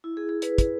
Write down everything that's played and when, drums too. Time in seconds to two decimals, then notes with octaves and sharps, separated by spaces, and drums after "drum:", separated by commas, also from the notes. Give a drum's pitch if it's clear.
0.04 E4
0.17 G#4
0.29 G#4
0.42 B4, drum: hi-hat
0.58 drum: kick, hi-hat